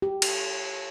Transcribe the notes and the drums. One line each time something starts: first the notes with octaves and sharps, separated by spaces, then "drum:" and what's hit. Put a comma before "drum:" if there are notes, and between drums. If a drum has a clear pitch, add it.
G4
drum: cymbal